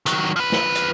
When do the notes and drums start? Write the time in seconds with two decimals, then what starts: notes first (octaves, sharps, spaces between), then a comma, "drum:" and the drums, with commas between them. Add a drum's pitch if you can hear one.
0.06 D#3 F#3, drum: hi-hat
0.36 F3 B4
0.52 drum: snare
0.75 drum: hi-hat